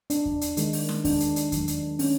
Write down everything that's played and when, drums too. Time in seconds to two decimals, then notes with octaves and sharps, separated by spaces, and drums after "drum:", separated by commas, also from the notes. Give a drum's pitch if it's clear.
0.10 D4, drum: hi-hat
0.26 drum: kick E2
0.41 drum: hi-hat
0.57 D#3 G#3, drum: hi-hat
0.73 drum: open hi-hat
0.89 drum: snare
1.05 D4, drum: kick E2, open hi-hat
1.20 drum: hi-hat
1.36 drum: hi-hat
1.52 D#3 F#3 A3, drum: kick E2, hi-hat
1.68 drum: hi-hat
1.99 C#4, drum: open hi-hat